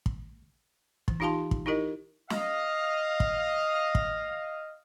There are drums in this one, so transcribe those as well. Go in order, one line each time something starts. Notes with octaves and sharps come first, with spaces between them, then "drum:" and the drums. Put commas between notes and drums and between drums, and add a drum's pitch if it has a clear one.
drum: kick
E3, drum: kick
D#4 F4 G4 F5 A5 C6
drum: kick
D#4 E4 G4 A#4 D#5
D#5 F5, drum: snare
drum: kick
drum: kick